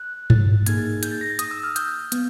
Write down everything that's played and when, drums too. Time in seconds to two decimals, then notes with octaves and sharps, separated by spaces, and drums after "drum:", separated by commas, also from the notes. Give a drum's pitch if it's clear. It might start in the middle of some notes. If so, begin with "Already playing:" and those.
Already playing: F#6
0.30 A6, drum: tom G2
0.66 A#3 D#4 G#4 G#6, drum: hi-hat
0.79 A6
1.03 G6, drum: hi-hat
1.12 A6
1.21 A#6
1.30 A6
1.39 D#6, drum: hi-hat
1.51 E6
1.63 F6
1.76 G6, drum: hi-hat
2.12 B3, drum: hi-hat